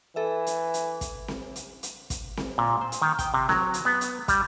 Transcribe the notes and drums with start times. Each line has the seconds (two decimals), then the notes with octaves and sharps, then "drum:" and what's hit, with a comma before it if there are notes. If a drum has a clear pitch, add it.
0.16 E3 A4 E5
0.47 drum: hi-hat
0.74 drum: hi-hat
1.01 drum: kick, hi-hat
1.28 drum: snare C4
1.56 drum: hi-hat
1.83 drum: hi-hat
2.10 drum: kick, hi-hat
2.37 drum: snare C4
2.58 A#2
2.81 C5
2.92 drum: hi-hat
3.02 D#3
3.19 G5, drum: kick, hi-hat
3.34 C3
3.49 F#3, drum: snare C4
3.74 drum: hi-hat
3.85 B3
4.01 drum: hi-hat
4.28 G3, drum: kick, hi-hat